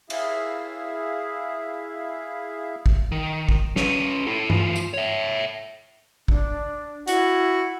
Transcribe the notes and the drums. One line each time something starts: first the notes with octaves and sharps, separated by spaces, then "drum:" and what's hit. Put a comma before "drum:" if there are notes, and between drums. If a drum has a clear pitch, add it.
E4 G#4 E5 F5, drum: cymbal
drum: kick
D#3
drum: kick
C#4 B4, drum: snare
E4 A4
E3 F4, drum: tom G2
drum: tambourine
C#5 E5
D4, drum: kick
E4 F#4, drum: hi-hat